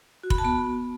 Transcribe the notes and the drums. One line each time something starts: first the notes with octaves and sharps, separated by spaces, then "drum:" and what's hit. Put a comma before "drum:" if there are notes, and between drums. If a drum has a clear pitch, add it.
F#4
B5, drum: kick F1
A5
B3 B5
B3